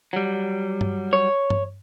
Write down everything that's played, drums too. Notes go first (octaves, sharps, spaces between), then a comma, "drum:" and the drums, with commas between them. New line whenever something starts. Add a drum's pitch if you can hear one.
F#3 G3
drum: tom G2
C#5
drum: tom G2